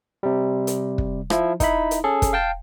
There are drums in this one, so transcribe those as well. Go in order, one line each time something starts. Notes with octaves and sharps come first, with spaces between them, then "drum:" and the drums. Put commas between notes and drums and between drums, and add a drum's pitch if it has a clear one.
C3 G3
drum: hi-hat
drum: kick
F3 E4, drum: rim click
D#4 E4 B5, drum: kick, hi-hat
drum: hi-hat
C#4 G#4 A4
drum: kick, hi-hat
F5 G5 A5